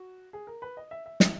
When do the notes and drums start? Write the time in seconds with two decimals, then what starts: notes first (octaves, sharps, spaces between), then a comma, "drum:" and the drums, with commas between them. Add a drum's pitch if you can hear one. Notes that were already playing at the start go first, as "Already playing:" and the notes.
Already playing: F#4
0.33 G#4
0.47 A#4
0.62 B4
0.77 D#5
0.91 E5
1.06 E5
1.20 E5, drum: snare